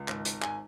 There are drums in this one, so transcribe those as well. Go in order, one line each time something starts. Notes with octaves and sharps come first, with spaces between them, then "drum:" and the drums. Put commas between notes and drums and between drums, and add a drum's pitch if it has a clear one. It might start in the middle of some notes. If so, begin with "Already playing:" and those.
Already playing: C#2
G#1, drum: clap
G#1, drum: hi-hat
G#1 G#5, drum: clap